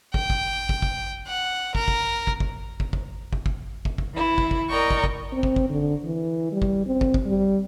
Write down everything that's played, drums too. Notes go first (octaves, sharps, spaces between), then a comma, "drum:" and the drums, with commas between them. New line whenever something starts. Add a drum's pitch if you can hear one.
G5, drum: kick
drum: kick
drum: kick
drum: kick
F#5
A#4, drum: kick
drum: kick
drum: kick
drum: kick
drum: kick
drum: kick
drum: kick
drum: kick
drum: kick
drum: kick
E3 E4
drum: kick
drum: kick
A#4 D5 D#5 G5 A#5 C#6
drum: kick
drum: kick
C4
drum: kick
drum: kick
D3
E3
G3
drum: kick
C4
drum: kick
drum: kick
G3